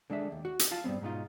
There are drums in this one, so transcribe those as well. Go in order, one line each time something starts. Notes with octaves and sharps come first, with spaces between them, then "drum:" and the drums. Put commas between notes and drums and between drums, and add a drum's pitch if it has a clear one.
D3 G#3 D4 E5
D#2
F#4
drum: hi-hat
F4 F5 A5
G2 E3 B3 C4
G#2 B2 D#4 F4